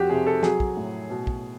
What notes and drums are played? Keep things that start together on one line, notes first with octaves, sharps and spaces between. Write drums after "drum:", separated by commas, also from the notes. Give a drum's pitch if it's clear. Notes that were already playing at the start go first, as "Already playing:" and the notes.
Already playing: F2 F#4 G4
C3 G#4
A4
F#3 G#4, drum: snare
drum: kick
A2
B2
drum: kick